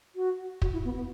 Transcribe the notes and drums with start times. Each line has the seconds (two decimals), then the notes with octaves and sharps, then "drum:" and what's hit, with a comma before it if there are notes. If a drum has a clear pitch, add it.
0.16 F#4
0.62 F#4, drum: kick
0.73 E4
0.85 B3
0.96 B3